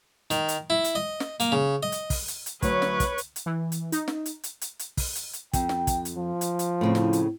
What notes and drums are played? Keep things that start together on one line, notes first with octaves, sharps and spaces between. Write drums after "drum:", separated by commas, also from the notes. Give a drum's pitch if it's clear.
D#3, drum: hi-hat
drum: hi-hat
E4
drum: hi-hat
D#5
drum: snare
A#3, drum: hi-hat
C#3
D#5
drum: hi-hat
drum: kick, open hi-hat
drum: hi-hat
drum: hi-hat
D2 F#3 B4 C#5 C#6, drum: kick, hi-hat
drum: snare
drum: kick, hi-hat
drum: hi-hat
drum: hi-hat
E3
drum: hi-hat
D#4, drum: hi-hat
drum: snare
drum: hi-hat
drum: hi-hat
drum: hi-hat
drum: hi-hat
drum: kick, open hi-hat
drum: hi-hat
drum: hi-hat
F2 G5, drum: kick, hi-hat
drum: snare
drum: kick, hi-hat
drum: hi-hat
F3
drum: hi-hat
drum: hi-hat
A2 C#3 C4
drum: snare
drum: hi-hat